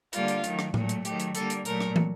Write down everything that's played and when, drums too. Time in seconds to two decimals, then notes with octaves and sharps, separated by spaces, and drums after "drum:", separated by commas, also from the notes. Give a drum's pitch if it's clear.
0.13 D3 G3 A#3 F4, drum: hi-hat
0.28 drum: hi-hat
0.44 D#3 F#3 A3, drum: hi-hat
0.59 drum: rim click
0.74 A#2 F#3 A3, drum: tom A2
0.89 drum: hi-hat
1.05 D#3 F#3 A3 G4, drum: hi-hat
1.20 drum: hi-hat
1.35 D3 G3 A#3 A4, drum: hi-hat
1.50 drum: hi-hat
1.65 A#2 F#3 A3 A#4, drum: hi-hat
1.80 drum: rim click
1.96 drum: tom